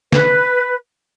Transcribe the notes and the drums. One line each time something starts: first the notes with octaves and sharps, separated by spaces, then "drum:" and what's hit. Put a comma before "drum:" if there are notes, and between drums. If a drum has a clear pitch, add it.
B4, drum: snare